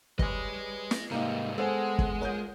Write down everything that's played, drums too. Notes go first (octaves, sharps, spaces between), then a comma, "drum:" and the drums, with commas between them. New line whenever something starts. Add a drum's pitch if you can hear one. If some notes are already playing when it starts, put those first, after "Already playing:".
G3 B4 C#5 D#5 G#5, drum: kick
drum: snare
G#2 C3 G3 A#3 D#4 F5
G#3 B3 A4 C5 F#5 G#5
drum: kick
C#4 F4 A#4 C#5 G6